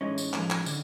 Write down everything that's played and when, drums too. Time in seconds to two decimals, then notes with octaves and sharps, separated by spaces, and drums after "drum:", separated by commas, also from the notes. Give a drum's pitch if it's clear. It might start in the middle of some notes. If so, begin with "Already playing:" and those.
0.01 A2 E3 G#3 C#4 D#4
0.18 drum: tambourine
0.33 A2 F3 G#3, drum: clap
0.50 drum: clap
0.66 D3, drum: tambourine